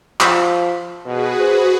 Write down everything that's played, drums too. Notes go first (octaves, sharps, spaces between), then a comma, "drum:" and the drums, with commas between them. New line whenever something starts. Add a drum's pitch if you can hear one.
F3, drum: clap
B2 F#4 G#4 B4
C5